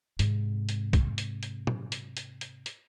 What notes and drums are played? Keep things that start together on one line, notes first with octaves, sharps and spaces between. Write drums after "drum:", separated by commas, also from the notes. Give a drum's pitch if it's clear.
G#2 C3, drum: hi-hat
drum: hi-hat
drum: kick, hi-hat
drum: hi-hat
drum: hi-hat
drum: tom
drum: hi-hat
drum: hi-hat
drum: hi-hat
drum: hi-hat